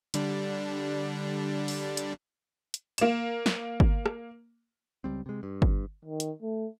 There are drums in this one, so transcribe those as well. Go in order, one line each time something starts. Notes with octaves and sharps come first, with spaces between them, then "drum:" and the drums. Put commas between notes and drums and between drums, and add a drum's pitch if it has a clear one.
D3 G3 D4, drum: hi-hat
drum: open hi-hat
drum: hi-hat
drum: hi-hat
A#3 E7, drum: hi-hat
drum: snare
drum: kick G1
drum: rim click
C#2 F#2 G3 C4
C3 G#3
G2
drum: kick G1
D#3
drum: hi-hat
A3